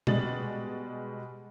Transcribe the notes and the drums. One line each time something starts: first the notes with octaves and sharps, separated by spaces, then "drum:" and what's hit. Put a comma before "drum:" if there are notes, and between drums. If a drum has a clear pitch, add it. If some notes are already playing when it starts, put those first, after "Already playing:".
B2 G3 G#3 A6 F#7, drum: tom A#2